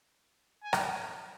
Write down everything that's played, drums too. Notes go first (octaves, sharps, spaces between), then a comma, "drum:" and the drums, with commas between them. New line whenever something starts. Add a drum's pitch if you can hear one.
G#5
drum: rim click